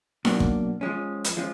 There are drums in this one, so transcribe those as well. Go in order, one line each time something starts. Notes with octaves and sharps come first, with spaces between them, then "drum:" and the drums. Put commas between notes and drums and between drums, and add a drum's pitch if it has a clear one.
B2 F#3 A#3 D4, drum: snare D#4
drum: kick
F3 G#3 C#4
drum: hi-hat
F3 G#3 C#4